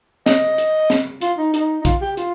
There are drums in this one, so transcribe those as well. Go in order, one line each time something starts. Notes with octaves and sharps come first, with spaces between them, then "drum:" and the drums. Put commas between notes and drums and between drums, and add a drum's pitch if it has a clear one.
D#5, drum: snare
drum: hi-hat
drum: snare
F4, drum: hi-hat
D#4
D#4, drum: hi-hat
D#4
F4, drum: kick, hi-hat
G4
F4, drum: hi-hat